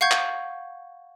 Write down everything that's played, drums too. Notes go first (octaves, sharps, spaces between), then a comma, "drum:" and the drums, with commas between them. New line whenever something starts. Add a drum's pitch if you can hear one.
F5 F#5 C#6 G6 G#6
drum: clap